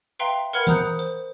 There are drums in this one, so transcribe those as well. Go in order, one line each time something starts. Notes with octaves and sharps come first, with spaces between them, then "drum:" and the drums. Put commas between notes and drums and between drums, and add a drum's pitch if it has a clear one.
B4 E5 F5 G5 A#5 C6
A#4 B4 F#5 B5 F6 G#6
C5 F#5 A#5 D#6 F#6 G6, drum: tom E3
C5